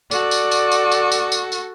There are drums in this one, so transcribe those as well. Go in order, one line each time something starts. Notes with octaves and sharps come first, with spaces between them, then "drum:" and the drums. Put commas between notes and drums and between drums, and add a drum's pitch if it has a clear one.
F#4 A4 D5, drum: tambourine
drum: tambourine
drum: tambourine
drum: tambourine
drum: tambourine
drum: tambourine
drum: tambourine
drum: tambourine